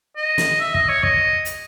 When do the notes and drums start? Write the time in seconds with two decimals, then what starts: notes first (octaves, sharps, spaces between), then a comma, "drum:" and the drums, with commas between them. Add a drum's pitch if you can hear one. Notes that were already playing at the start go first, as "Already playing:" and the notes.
0.17 D#5
0.38 drum: snare
0.60 E5
0.74 D#5, drum: kick
0.89 C#5
1.03 D#5, drum: kick
1.45 drum: hi-hat